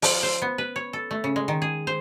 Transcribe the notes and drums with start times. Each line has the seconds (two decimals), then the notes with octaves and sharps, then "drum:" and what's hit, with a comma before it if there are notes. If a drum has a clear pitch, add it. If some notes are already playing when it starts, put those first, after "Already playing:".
0.02 F3, drum: open hi-hat
0.23 C5
0.42 B3
0.58 B4
0.76 C#5
0.93 A4
1.11 A3
1.24 C#3
1.36 G#3
1.48 D#3
1.62 G#4
1.87 C5